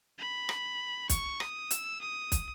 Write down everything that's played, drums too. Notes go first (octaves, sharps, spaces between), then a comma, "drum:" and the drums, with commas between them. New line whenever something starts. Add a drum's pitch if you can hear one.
B5
drum: rim click
C#6, drum: kick, hi-hat
D#6, drum: rim click
E6, drum: hi-hat
D#6
drum: kick, hi-hat